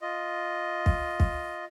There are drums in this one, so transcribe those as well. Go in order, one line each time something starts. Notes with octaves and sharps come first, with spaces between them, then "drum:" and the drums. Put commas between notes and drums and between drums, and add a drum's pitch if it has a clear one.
F4 D#5
drum: kick
drum: kick